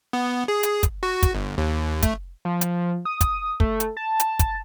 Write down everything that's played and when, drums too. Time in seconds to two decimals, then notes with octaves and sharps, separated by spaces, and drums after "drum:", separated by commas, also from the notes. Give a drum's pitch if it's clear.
0.13 B3
0.48 G#4
0.63 drum: hi-hat
0.83 drum: kick, hi-hat
1.03 F#4
1.23 drum: kick, hi-hat
1.34 G1
1.58 D#2
2.02 A3, drum: kick, hi-hat
2.45 F3
2.61 drum: hi-hat
3.05 D#6
3.21 drum: kick, hi-hat
3.60 A3, drum: kick
3.80 drum: hi-hat
3.97 A5
4.20 drum: hi-hat
4.39 drum: kick, hi-hat